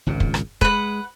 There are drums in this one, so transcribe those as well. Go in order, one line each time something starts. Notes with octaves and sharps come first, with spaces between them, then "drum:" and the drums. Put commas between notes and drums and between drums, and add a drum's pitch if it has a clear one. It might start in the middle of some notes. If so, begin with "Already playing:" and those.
G#1 C#2 A#2
drum: kick
drum: rim click
G#3 B4 F#5, drum: kick